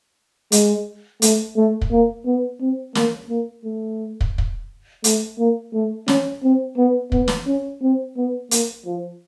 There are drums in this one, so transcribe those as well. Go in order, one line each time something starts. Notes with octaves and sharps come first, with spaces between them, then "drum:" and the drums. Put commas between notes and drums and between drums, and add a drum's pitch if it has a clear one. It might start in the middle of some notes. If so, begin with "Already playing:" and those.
G#3, drum: hi-hat
A3, drum: hi-hat
A3
drum: kick
A#3
B3
C4
A#3, drum: snare
A#3
A3
drum: kick
drum: kick
A3, drum: hi-hat
A#3
A3
C#4, drum: snare
C4
B3
B3, drum: kick
drum: snare
C#4
C4
B3
A#3, drum: hi-hat
F3